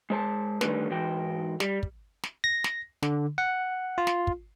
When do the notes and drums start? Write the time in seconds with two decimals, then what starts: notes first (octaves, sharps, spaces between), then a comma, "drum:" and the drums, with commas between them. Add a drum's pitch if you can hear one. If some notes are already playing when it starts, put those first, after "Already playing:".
0.10 G#3 C5 A5
0.61 D3 D#3 G3 A3 C4 B4, drum: snare
0.90 G#2 E3 F#4 G5
1.60 G3, drum: snare
1.83 drum: kick
2.23 drum: snare
2.44 A#6
2.64 drum: snare
3.03 D3, drum: snare
3.38 F#5
3.98 F4
4.07 drum: snare
4.27 drum: kick